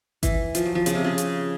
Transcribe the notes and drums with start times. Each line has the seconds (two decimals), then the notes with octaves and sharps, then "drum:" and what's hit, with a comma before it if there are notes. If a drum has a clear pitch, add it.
0.23 E3, drum: kick G#1, hi-hat
0.55 F3, drum: hi-hat
0.65 F#3
0.75 F3
0.86 C#3, drum: hi-hat
0.95 C3
1.05 C#3
1.18 drum: hi-hat